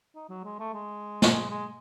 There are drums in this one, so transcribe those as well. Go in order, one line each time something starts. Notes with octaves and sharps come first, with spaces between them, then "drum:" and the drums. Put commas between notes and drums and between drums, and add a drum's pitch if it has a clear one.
D#4
F#3
G#3
A3
G#3
drum: snare
G#3
G#3